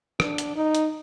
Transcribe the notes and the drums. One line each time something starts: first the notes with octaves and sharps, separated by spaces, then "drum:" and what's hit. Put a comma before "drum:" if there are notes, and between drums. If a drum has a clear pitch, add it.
D4, drum: rim click
drum: hi-hat
D#4
drum: hi-hat